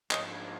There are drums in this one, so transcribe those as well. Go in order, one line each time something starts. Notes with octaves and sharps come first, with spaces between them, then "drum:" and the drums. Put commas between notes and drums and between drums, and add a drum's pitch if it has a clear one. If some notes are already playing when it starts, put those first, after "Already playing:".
G#2 F3 A#3 D4 C#5 D#5, drum: clap